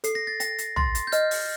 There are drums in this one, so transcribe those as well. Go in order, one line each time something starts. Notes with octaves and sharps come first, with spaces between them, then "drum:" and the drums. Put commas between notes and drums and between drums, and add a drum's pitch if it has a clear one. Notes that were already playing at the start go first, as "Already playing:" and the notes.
A4 C7, drum: hi-hat
A#6
A6
G5 A#6, drum: hi-hat
drum: hi-hat
C6 A6, drum: tom
drum: hi-hat
G6
D#5 F6, drum: hi-hat
drum: open hi-hat